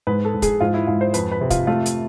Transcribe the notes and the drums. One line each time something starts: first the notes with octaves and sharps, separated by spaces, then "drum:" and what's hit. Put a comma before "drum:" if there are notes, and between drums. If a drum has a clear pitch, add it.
G#2 B4
A4
G#2
G#4, drum: kick, hi-hat
G#2 F4
E4
G#2 F4
C5
F2 B4, drum: hi-hat
B4
C3
F4, drum: kick, hi-hat
A3 F4
drum: hi-hat